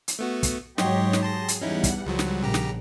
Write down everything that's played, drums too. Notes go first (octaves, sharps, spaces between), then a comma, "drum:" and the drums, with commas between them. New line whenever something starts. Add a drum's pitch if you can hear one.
drum: hi-hat
A3 B3 F#4
drum: kick, hi-hat
G#2 F#3 G4 C#5 D#5 C6, drum: snare
drum: snare
G#4 A5 C6 A#6
drum: hi-hat
E2 G3 C#4 D#4 E4 F#5
drum: kick, hi-hat
C#2 F3 F#3
drum: snare
A#1 C#3 G4 A#5
drum: snare